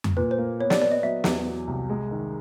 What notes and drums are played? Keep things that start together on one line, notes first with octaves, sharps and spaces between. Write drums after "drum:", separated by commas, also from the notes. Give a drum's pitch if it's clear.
drum: tom F2
A#2 B4
C5
A#3
B3 C#5
D5, drum: snare
B3 D5
D#5
F#3 E5
E2, drum: snare
F#3
C2
G#3
D#3